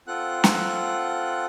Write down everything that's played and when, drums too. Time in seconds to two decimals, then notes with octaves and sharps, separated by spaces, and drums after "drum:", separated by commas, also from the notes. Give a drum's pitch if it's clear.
0.07 C4 F4 A4 F#5 F#6
0.44 drum: snare